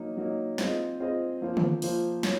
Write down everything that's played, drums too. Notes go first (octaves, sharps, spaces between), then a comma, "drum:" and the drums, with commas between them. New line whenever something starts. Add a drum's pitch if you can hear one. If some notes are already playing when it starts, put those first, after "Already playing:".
Already playing: F#3 A#3 D#4
F#3 A#3 D#4
C4 F4 G#4 C5 D#5, drum: snare
C4 F4 G#4 C5 D#5
F3 A#3 F4 C5
drum: tom D3
F3 A#3 F4 C5, drum: open hi-hat
F#3 C#4, drum: snare